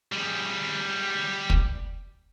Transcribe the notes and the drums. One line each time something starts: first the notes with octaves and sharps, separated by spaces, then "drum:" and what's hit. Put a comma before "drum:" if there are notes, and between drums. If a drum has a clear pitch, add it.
G3 G#4
drum: kick